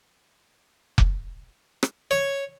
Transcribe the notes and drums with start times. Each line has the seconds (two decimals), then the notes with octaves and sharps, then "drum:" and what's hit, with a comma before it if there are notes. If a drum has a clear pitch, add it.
0.98 drum: kick F1
1.83 drum: rim click
2.11 C#5